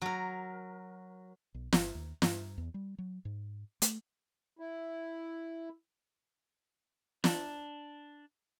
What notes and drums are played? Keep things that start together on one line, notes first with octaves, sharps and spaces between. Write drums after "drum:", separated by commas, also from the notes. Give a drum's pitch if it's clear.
F#3 A#4
B1
G1, drum: snare
D#2
G2, drum: snare
E2
G3
F#3
G#2
A3, drum: hi-hat
E4
D4, drum: snare